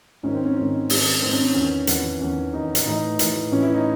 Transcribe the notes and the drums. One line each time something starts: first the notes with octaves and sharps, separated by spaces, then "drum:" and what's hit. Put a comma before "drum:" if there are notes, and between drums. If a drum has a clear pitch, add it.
G#2 D#3 C#4
C4
C#4
G#2 D#3 C#4
G#2 D#3, drum: open hi-hat
G#2 D#3 C4
C#4
C#4
E2 D#3 C#4
E2 D#3, drum: hi-hat
E2 D#3 C#4
E2 D#3 D#4
drum: hi-hat
A2 E3 D#4
A2 E3, drum: hi-hat
A2 E3 C#4
E4
D#4